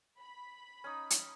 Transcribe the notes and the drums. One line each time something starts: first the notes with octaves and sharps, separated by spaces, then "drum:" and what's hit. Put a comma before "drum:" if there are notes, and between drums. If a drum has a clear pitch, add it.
B5
C#4 D#4
drum: hi-hat